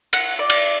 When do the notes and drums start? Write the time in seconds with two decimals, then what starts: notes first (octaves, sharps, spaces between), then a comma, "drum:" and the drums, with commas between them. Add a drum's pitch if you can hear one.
0.13 F#5, drum: cymbal
0.39 D5
0.50 drum: cymbal